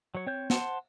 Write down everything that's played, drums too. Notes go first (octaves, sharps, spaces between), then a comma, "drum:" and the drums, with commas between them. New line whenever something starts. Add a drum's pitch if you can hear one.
F#3 C#5
C4 C#5 G6
C5 F#5 A5 C6, drum: snare